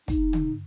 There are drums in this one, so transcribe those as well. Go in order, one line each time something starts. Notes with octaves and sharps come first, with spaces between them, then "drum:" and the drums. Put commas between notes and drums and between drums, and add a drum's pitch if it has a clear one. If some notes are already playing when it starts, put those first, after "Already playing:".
D#4, drum: kick, hi-hat
drum: tom